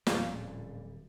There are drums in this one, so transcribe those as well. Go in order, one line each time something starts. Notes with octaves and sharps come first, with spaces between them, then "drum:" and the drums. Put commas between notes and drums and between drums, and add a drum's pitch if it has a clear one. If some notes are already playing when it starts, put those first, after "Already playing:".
D1 F2 A#2 D3 G3 C#4 F4, drum: snare